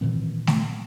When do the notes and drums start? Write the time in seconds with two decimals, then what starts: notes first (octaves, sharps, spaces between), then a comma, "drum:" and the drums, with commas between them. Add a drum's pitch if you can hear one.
0.01 A#2 D#3 E3 C4
0.47 drum: snare A3